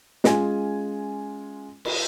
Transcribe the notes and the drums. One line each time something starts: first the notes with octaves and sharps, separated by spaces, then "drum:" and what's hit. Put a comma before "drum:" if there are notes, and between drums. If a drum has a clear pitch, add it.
G#3 C#4 F4 G#5, drum: snare
drum: cymbal